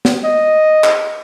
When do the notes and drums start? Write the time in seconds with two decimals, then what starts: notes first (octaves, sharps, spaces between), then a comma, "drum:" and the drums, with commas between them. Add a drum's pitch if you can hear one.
0.05 drum: snare
0.25 D#5
0.84 drum: clap